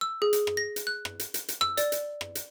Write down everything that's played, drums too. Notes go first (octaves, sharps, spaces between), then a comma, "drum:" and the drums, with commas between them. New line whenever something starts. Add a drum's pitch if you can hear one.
E6
G#4
drum: hi-hat
drum: rim click
A#6
drum: hi-hat
F#6
drum: rim click
drum: hi-hat
drum: hi-hat
drum: hi-hat
E6, drum: rim click
D5, drum: hi-hat
drum: hi-hat
drum: rim click
drum: hi-hat